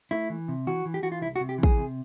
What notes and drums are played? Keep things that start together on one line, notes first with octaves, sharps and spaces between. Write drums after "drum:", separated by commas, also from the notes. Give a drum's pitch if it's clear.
A3 E4
E3
C3
E3 F#4
E3
G4
E3 F#4
F4
C2 E4
F#4
C3
G4
E3
G#4, drum: kick
C3